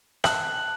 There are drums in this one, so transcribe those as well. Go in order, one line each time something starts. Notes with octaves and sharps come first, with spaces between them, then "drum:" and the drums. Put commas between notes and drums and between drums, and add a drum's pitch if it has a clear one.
A5 F#6 F#7, drum: rim click